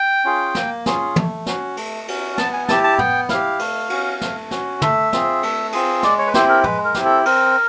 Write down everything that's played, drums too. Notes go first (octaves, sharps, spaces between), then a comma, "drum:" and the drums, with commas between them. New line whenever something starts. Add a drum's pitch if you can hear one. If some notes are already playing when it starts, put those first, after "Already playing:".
Already playing: G5
C#4 F4 G#4
A#3, drum: snare
C#4 F4 G#4, drum: snare
A3, drum: tom
C#4 F#4, drum: snare
A3, drum: cymbal
C#4 F#4, drum: cymbal
B3 A5, drum: snare
G#5
E4 G4 A5, drum: snare
A5
B3 G5, drum: tom
E4 G4 F5, drum: snare
A3, drum: cymbal
C#4 F#4, drum: cymbal
A3, drum: snare
C#4 F#4, drum: snare
A3 E5, drum: tom
C4 F4 G#4, drum: snare
A3, drum: cymbal
C4 F4 G#4, drum: cymbal
G#3 D5, drum: snare
C#5
B4
C4 E4 G4 C5, drum: snare
A#4
G#3 B4, drum: tom
A#4
C4 E4 G4, drum: snare
A4
C4 A#4, drum: cymbal